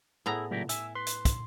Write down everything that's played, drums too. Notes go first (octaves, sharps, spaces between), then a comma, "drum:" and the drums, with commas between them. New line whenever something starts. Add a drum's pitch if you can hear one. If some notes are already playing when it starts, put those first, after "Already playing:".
A2 B3 E4 G#4 A#5
A#2 C#3 F#3 A3 G4 A#4
E5 G#5 E6, drum: hi-hat
B4 C6
drum: hi-hat
drum: kick, hi-hat